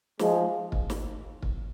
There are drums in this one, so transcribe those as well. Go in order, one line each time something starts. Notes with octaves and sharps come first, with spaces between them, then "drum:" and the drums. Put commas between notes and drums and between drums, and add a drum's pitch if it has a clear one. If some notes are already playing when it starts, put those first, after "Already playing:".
F3 G#3, drum: snare
drum: kick
drum: snare
drum: kick